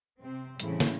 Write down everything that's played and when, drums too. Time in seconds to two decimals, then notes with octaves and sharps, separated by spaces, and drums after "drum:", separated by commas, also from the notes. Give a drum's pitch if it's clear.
0.20 C3 C4
0.60 A2 C#3 E3 G3 C4 E4, drum: hi-hat
0.80 drum: snare